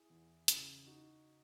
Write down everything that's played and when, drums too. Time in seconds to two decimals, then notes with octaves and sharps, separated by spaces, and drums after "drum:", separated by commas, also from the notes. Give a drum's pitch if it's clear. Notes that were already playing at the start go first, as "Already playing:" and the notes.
Already playing: E4 G#4
0.10 E2
0.48 C#3 E3, drum: hi-hat
0.86 D#4 F#4